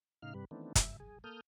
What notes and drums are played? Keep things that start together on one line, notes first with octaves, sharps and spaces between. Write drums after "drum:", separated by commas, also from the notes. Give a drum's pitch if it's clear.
A2 C#3 D#4 F5 F6
G2 C3 G3 B4
D#3 E3 A3 B3 C4 D4
G2 E5, drum: kick, hi-hat
G#4
A#3 A4 D#6 F6 G6